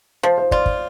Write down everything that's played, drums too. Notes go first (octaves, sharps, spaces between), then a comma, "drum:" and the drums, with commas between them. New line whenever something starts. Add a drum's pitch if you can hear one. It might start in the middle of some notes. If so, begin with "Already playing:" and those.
F3 C5
C5
F4 D5, drum: kick
drum: kick